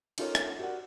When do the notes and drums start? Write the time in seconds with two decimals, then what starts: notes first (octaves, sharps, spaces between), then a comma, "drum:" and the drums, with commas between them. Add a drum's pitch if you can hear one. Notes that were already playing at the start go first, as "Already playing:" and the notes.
0.18 C#4 D#4 F4 A4 A#4 C#5, drum: cymbal
0.35 drum: rim click
0.59 F#4 G4 A#4 D5 F#5